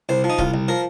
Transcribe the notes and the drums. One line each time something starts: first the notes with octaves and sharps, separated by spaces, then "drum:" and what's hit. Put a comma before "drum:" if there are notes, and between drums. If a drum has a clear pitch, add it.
C2 C5
F3
D#4
C2 F4, drum: kick C#1
C2
F3 A#4